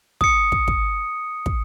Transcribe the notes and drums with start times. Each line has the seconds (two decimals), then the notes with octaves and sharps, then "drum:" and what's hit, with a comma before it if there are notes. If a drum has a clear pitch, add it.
0.21 D#6 C#7, drum: kick
0.52 drum: kick
0.68 drum: kick
1.46 drum: kick